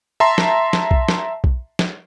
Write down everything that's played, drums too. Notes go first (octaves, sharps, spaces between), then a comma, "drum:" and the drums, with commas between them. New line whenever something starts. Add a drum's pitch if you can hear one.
E5 A5 A#5 C6
drum: snare
drum: snare
drum: kick B1
drum: snare
drum: kick B1
drum: snare